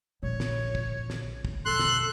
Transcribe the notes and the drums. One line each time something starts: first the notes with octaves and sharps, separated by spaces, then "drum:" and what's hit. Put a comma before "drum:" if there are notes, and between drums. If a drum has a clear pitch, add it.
A#1 C#5
drum: snare
drum: kick
drum: snare
drum: kick
F2 B2 A4 C6 F#6
drum: snare